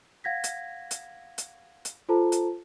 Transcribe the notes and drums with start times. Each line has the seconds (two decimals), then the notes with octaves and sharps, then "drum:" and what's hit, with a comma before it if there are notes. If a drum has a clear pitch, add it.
0.24 F5 F#5 G#6 A#6 B6
0.44 drum: hi-hat
0.91 drum: hi-hat
1.38 drum: hi-hat
1.85 drum: hi-hat
2.09 F4 A4 C5 A5 A#5
2.32 drum: hi-hat